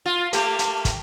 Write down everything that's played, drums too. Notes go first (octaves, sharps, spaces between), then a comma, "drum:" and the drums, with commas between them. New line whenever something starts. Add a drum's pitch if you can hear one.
F4
A3 A#3 G4, drum: hi-hat
drum: hi-hat
drum: kick, hi-hat